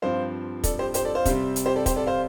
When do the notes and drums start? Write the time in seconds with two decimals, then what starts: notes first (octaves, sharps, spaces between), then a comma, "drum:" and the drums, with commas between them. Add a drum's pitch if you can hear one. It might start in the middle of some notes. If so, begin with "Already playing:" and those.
0.02 G2 F3 C4 C5 F5
0.64 A4 D5, drum: kick, hi-hat
0.79 G4 C5
0.94 G4 C5, drum: hi-hat
1.05 A4 D5
1.15 C5 F5
1.25 C3 G3 C4, drum: kick, hi-hat
1.56 drum: hi-hat
1.66 G4 C5
1.76 A4 D5
1.86 G4 C5, drum: kick, hi-hat
1.96 A4 D5
2.06 C5 F5